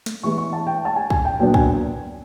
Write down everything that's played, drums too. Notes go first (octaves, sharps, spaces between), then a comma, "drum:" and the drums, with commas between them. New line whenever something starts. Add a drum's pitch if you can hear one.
drum: snare
E3 G#3 B3 C#6
C#6
A5
G5
A5
G#5
G#5, drum: kick
G5
A#2 F#3 B3 D4 G5
G#5, drum: kick